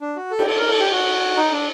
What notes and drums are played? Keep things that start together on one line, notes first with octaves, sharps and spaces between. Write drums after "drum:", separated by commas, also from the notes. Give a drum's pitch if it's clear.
D4
F#4
A4
G4, drum: cymbal
A4
A#4
A4
G4
F#4
D#4
D4